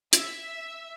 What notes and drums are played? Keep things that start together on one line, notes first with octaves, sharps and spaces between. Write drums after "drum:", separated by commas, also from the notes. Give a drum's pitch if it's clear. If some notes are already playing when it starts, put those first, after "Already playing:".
E5, drum: hi-hat